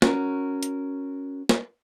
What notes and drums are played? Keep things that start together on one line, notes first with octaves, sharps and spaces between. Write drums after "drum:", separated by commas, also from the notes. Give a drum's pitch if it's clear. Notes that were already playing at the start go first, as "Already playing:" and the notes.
C#4 F#4 A#4, drum: snare
drum: hi-hat
drum: snare